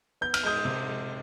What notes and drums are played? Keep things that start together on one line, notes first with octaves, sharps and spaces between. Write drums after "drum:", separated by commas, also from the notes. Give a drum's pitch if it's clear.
B3 G6
F6, drum: cymbal
G#3 D#6 G6
C3
G#3